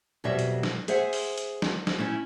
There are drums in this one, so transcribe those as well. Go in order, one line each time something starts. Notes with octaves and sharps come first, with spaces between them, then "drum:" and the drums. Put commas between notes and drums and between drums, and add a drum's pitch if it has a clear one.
F2 B2 F#3 G3 E5
drum: hi-hat
drum: snare
G#4 C5 E5 F#5, drum: hi-hat
drum: open hi-hat
drum: hi-hat
drum: snare
drum: snare
A3 C#4 E4